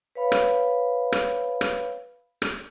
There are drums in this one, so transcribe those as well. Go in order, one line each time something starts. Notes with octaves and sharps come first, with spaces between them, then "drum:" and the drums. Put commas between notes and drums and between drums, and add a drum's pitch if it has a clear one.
B4 C#5 F5 B5
drum: rim click
drum: rim click
drum: rim click
drum: rim click